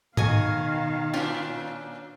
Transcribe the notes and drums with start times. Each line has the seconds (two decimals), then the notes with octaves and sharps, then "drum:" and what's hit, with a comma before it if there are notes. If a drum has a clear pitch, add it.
0.17 B2 D#3 D#5 F5 G#5 C#6, drum: tom G#2
1.14 A#2 C#4 D4 F4